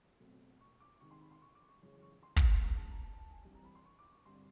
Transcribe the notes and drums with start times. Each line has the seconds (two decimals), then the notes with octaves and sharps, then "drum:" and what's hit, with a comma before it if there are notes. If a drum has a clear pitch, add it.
0.20 B2 F#3 A3 C4
0.61 C#6
0.80 D6
1.00 C3 D#3 G#3 C#6
1.11 C6
1.21 B5
1.31 C6
1.42 C#6
1.55 D6
1.69 C#6
1.82 F#2 C#3 E3 G#3 C#4
2.02 C#6
2.23 C6
2.36 C#6, drum: kick
2.50 C6
2.63 G#2 F3 G#3 B3 A#5
2.77 A5
2.91 A#5
3.04 A5
3.17 A5
3.31 G#5
3.44 G2 E3 G3 C4
3.55 A#5
3.65 B5
3.75 C6
3.85 C#6
3.99 D6
4.12 C#6
4.25 G2 D3 G3 C4 C6